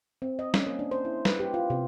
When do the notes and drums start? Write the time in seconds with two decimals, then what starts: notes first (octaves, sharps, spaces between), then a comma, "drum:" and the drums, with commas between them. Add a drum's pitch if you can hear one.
0.22 C4
0.39 D#5
0.54 C#4, drum: snare
0.66 A#3
0.79 D4
0.91 C5
1.05 E4
1.25 B4, drum: snare
1.40 G4
1.54 F4
1.70 C3